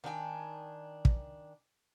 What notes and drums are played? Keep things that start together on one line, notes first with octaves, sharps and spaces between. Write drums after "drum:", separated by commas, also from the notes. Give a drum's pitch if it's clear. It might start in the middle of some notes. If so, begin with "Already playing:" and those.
D#3 D4 G5 G#5
drum: kick